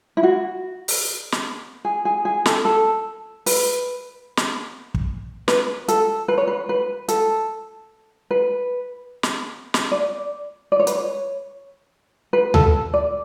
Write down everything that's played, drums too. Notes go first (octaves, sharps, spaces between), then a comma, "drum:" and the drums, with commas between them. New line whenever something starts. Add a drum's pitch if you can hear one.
E4
F#4
drum: open hi-hat
drum: snare
G#4
G#4
G#4
A4, drum: snare
A4
B4, drum: open hi-hat
drum: snare
drum: kick
B4, drum: snare
A4, drum: hi-hat
B4
C#5
B4
B4
A4, drum: hi-hat
B4
drum: snare
drum: snare
D5
D5
C#5
B4, drum: hi-hat
C#5
B4
A4, drum: tom D2
D5